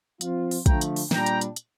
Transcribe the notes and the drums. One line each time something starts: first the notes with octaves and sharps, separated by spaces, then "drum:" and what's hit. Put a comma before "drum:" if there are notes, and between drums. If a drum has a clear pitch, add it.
F3 C4 F4, drum: hi-hat
drum: open hi-hat
D3 F3 A3 G5 A#5, drum: kick, hi-hat
drum: hi-hat
drum: open hi-hat
A#2 G3 D4 G5 A#5, drum: snare
drum: hi-hat
drum: hi-hat
drum: hi-hat